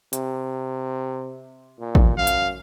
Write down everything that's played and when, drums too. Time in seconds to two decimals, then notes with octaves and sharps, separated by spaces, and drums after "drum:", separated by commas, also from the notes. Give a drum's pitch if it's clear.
0.13 C3, drum: hi-hat
1.80 A#2
1.95 drum: kick A1
2.18 F#2 F5
2.27 drum: hi-hat